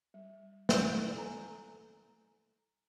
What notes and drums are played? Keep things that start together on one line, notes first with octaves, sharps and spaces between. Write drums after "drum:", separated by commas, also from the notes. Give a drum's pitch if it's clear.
G3
E4 D#5, drum: snare
A4 G#5 A#5